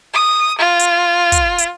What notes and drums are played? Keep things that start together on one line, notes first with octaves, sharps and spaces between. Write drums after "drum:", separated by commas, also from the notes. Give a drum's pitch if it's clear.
D#6
F4
drum: hi-hat
drum: kick, hi-hat
drum: hi-hat